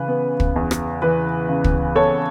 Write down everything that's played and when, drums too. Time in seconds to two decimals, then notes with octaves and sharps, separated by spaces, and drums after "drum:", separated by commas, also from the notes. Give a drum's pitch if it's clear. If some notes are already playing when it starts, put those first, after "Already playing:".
Already playing: C#3 E3 B4
0.08 B3
0.40 drum: kick
0.56 E2
0.71 drum: rim click
1.02 E3 B4
1.49 C#3
1.64 drum: kick
1.95 B3 A4 C#5